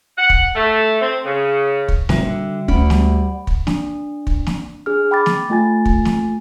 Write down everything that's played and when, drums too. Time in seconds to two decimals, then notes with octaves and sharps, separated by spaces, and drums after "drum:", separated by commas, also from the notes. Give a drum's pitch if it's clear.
0.18 F#5
0.30 drum: kick
0.56 A3
1.02 C4
1.26 C#3
1.88 drum: kick
2.09 F1 A#2 D#3 G3 F#4 E5, drum: snare
2.24 D3
2.68 D2 C#4 D5 F#5 B5, drum: kick
2.90 G3, drum: snare
3.47 drum: kick
3.67 D4, drum: snare
4.27 drum: kick
4.47 drum: snare
4.86 D4 G#4 F6
5.11 G5 B5 D6 A6
5.26 drum: snare
5.50 A3 F4 G#5 A6
5.85 drum: kick
6.05 drum: snare